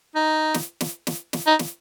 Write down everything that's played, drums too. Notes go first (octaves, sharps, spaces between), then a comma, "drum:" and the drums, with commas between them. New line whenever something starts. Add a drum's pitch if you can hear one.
D#4
drum: snare
drum: snare
drum: snare
drum: snare
D#4
drum: snare